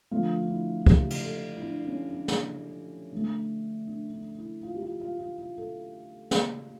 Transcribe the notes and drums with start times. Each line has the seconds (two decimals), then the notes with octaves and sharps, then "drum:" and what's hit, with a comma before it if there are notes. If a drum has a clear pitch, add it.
0.11 D3 F3 A3 F4
0.41 D4
0.49 E4
0.86 G4, drum: kick
1.10 drum: cymbal
1.24 A4
1.57 E4
1.62 D4
1.87 C#4
2.12 D4
2.28 drum: snare
3.12 D3 A3
3.87 D4
4.13 D4
4.38 E4
4.63 F4
4.74 G4
4.82 F4
5.01 F4
5.19 F4
5.38 F4
5.58 A4
6.31 drum: snare